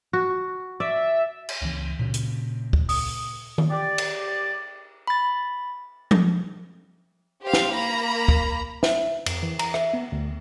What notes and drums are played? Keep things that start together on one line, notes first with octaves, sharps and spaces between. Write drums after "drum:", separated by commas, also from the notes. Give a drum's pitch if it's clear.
F#4
D5 E5
drum: cymbal
C#2 E3
A#2 C#3
drum: hi-hat
drum: kick
D#6, drum: open hi-hat
drum: tom D#3
G4 D5
drum: cymbal
B5 A6
drum: tom F3
G4 C5 F5
drum: snare
A#3 A#5 B5
drum: kick
E5, drum: snare
F2, drum: cymbal
E3
A#5, drum: cymbal
E5, drum: rim click
B3
D2